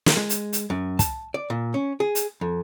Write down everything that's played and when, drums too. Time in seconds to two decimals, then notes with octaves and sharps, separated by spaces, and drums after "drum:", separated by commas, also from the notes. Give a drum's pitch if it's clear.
0.06 drum: snare
0.17 G#3
0.29 drum: hi-hat
0.53 drum: hi-hat
0.70 F#2
0.99 A5, drum: kick, hi-hat
1.34 D5
1.50 A#2
1.74 C#4
2.00 G#4
2.15 drum: hi-hat
2.41 F2